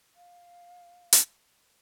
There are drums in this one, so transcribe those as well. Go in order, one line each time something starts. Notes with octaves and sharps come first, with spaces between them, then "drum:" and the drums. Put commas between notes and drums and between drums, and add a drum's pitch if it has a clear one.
F5
drum: hi-hat